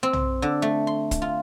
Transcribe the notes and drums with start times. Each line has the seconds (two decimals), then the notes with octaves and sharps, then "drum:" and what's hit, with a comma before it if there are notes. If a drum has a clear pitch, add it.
0.03 C4
0.13 drum: tom
0.42 D3
0.62 A3
0.87 C6
1.11 drum: kick, hi-hat
1.22 F4